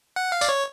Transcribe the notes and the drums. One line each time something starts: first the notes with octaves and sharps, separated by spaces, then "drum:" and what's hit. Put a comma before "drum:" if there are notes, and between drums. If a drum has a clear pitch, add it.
F#5
F5
D5, drum: tambourine
C#5